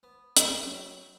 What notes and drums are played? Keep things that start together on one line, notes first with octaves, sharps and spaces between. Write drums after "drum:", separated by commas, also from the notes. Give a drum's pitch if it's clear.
B3
drum: hi-hat
F#3